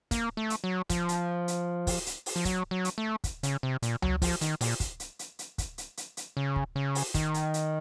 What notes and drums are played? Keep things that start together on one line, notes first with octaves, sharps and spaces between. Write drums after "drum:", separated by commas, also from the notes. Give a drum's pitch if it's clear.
A#3, drum: kick, hi-hat
A3
drum: hi-hat
F#3
F3, drum: kick, hi-hat
drum: hi-hat
drum: hi-hat
drum: kick, open hi-hat
drum: hi-hat
drum: open hi-hat
F3
F#3, drum: kick, hi-hat
F#3
drum: hi-hat
A3
drum: kick, hi-hat
C#3, drum: hi-hat
C3
A#2, drum: hi-hat
F#3, drum: tom C#2
F3, drum: kick, open hi-hat
D#3, drum: hi-hat
A#2, drum: open hi-hat
drum: kick, hi-hat
drum: hi-hat
drum: hi-hat
drum: hi-hat
drum: kick, hi-hat
drum: hi-hat
drum: hi-hat
drum: hi-hat
C#3
drum: kick
C#3
drum: open hi-hat
D#3, drum: kick, hi-hat
drum: hi-hat
drum: hi-hat